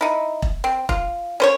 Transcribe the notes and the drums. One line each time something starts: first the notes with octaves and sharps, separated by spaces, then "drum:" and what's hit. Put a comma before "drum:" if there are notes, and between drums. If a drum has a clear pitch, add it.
D#4 E4
drum: kick E1
C4
F4, drum: kick E1
C#4 C5 C#5